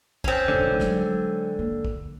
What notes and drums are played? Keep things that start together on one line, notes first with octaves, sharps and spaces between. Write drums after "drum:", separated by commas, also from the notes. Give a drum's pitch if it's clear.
C4 C#4, drum: kick
F1 B1 D3
F#3 G#3, drum: snare
A#3
drum: kick